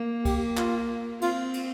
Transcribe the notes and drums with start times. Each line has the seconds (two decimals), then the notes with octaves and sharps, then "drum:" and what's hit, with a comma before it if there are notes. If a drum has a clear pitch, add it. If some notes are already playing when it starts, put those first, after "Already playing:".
Already playing: A#3
0.25 G4, drum: kick C2, cymbal
0.57 F4, drum: clap
1.21 C4 F4, drum: cymbal
1.54 drum: cymbal